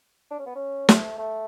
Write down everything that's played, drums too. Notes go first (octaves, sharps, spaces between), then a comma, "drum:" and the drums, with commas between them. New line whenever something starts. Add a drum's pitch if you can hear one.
D4
C#4
B3
C#4
A3, drum: snare
A3